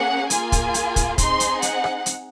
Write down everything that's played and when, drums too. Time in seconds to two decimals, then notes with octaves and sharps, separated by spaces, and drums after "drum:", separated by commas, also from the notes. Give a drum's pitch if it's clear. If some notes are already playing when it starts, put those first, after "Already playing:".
Already playing: A#3 C#4 G#4 F#5
0.30 A#3 F4 G#4 G#5, drum: hi-hat
0.52 drum: kick, hi-hat
0.74 drum: hi-hat
0.96 drum: kick, hi-hat
1.18 C4 D#4 G#4 C6, drum: kick, hi-hat
1.40 drum: hi-hat
1.62 F#5, drum: hi-hat
1.84 drum: rim click
2.06 drum: hi-hat